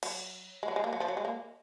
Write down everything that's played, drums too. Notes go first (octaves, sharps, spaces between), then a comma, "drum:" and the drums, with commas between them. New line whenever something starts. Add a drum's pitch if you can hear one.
F#3, drum: cymbal
G#3
F#3
G#3
A#3
F#3
F3
F#3
G#3
A#3